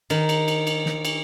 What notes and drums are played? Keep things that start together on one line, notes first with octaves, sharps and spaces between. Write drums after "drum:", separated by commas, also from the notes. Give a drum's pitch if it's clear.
D#3, drum: cymbal
drum: cymbal
drum: cymbal
drum: cymbal
drum: snare
drum: cymbal